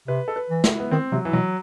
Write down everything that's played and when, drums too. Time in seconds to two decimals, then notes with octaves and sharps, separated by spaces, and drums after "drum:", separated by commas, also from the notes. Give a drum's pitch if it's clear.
0.08 C3 B4
0.28 A4
0.36 B4
0.50 E3
0.64 E4, drum: snare
0.80 B3
0.91 D#3 C4
1.12 C3 F#3
1.25 E3
1.33 B2 F#3